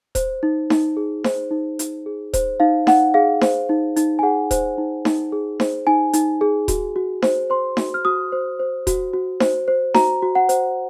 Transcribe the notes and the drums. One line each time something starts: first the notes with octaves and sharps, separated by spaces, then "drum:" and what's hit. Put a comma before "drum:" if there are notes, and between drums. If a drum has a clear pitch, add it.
C5, drum: kick D#1, hi-hat
D#4
D#4, drum: snare D#4
G#4
C5, drum: snare D#4
D#4
D#4, drum: hi-hat
G#4
C5, drum: kick D#1, hi-hat
D#4 F5
D#4 F#5, drum: snare D#4
G#4 F5
C5, drum: snare D#4
D#4
D#4, drum: hi-hat
G#5
G#4 F#5
C5, drum: kick D#1, hi-hat
D#4
D#4, drum: snare D#4
G#4
C5, drum: snare D#4
D#4 G#5
D#4, drum: hi-hat
G#4
F#4, drum: kick D#1, hi-hat
F#4
C5, drum: snare D#4
C5 C6
F#4, drum: snare D#4
F6
F#4 D#6
C5
C5
F#4, drum: kick D#1, hi-hat
F#4
C5, drum: snare D#4
C5
F#4 A#5, drum: snare D#4
F#4
F#5
C5, drum: hi-hat